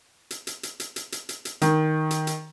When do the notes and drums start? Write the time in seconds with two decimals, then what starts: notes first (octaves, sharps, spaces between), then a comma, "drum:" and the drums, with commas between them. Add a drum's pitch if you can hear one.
0.31 drum: hi-hat
0.47 drum: hi-hat
0.63 drum: hi-hat
0.80 drum: hi-hat
0.96 drum: hi-hat
1.12 drum: hi-hat
1.29 drum: hi-hat
1.45 drum: hi-hat
1.61 D#3, drum: hi-hat
2.11 drum: hi-hat
2.27 drum: hi-hat